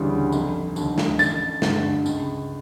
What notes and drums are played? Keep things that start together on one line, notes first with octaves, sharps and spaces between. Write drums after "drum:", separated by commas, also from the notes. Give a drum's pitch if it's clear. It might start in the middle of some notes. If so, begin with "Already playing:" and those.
Already playing: D2 C#3 E3 G3
F1, drum: tambourine
D#2 D3, drum: tambourine
drum: snare
A1 A6, drum: tambourine
G2 D3, drum: snare
C#2, drum: tambourine